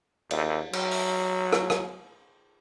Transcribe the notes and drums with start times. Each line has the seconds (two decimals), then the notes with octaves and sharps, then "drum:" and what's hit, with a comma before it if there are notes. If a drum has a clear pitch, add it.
0.31 D#2, drum: cymbal
0.73 F#3, drum: cymbal
0.91 drum: open hi-hat
1.53 drum: rim click
1.70 drum: rim click